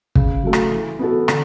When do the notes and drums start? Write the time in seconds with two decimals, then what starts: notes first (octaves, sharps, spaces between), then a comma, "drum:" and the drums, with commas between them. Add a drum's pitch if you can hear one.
0.15 C#3, drum: kick
0.43 F#3 A3
0.53 drum: rim click
0.71 E3
0.99 B3 F#4 A4
1.28 D3, drum: rim click